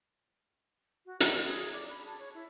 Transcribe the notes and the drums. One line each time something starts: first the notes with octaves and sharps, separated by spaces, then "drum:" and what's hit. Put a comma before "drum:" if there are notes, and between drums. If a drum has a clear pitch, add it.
F#4
C#5, drum: hi-hat
G#4
D5
B5
A5
C#5
E4